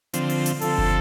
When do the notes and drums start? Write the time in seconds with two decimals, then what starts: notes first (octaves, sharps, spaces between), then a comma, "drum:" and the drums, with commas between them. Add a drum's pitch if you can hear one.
0.13 D3 F3 C4, drum: hi-hat
0.30 drum: open hi-hat
0.46 drum: hi-hat
0.61 D3 F3 C4 A4, drum: open hi-hat
0.78 drum: kick